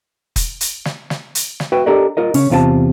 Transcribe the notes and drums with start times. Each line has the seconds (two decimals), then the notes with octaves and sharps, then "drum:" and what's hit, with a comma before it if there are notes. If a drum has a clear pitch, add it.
0.36 drum: kick, hi-hat
0.61 drum: hi-hat
0.85 drum: snare
1.10 drum: snare
1.35 drum: hi-hat
1.60 drum: snare
1.72 F#4 B4 E5 G5
1.86 D4 G4 A4 A#4 D5 D#5
2.17 F4 A#4 D#5
2.34 C#3 C#4, drum: open hi-hat
2.50 E2 C3 F4 A4 A5